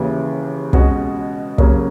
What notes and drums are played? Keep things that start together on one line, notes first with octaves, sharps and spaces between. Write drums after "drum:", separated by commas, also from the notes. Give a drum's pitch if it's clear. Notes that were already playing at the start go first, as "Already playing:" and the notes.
Already playing: D#2 C#3 E3
B2 G#3 C#4 F#4, drum: kick
D#2 C#3 F#3 A#3 C#4, drum: kick